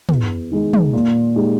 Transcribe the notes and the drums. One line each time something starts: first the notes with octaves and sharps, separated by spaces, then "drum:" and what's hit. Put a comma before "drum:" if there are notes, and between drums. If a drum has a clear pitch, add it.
E2, drum: tom
D#3 G#3 D#4
drum: tom
A#2
G#3 D#4 G4